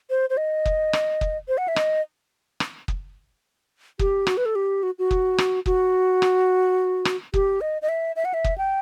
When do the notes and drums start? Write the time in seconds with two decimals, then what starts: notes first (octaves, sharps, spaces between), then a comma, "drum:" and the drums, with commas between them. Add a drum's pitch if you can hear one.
0.10 C5
0.30 C5
0.37 D#5
0.66 drum: kick
0.93 drum: rim click
1.21 drum: kick
1.48 C5
1.58 F#5
1.68 E5
1.76 D#5, drum: rim click
2.60 drum: rim click
2.88 drum: kick
3.99 G4, drum: kick
4.27 F#4, drum: rim click
4.37 B4
4.46 A4
4.55 G4
4.83 F#4
4.99 F#4
5.11 drum: kick
5.38 drum: rim click
5.66 F#4, drum: kick
6.22 drum: rim click
7.05 drum: rim click
7.34 G4, drum: kick
7.61 D#5
7.82 D#5
7.89 E5
8.16 E5
8.25 F#5
8.34 E5
8.44 drum: kick
8.58 G5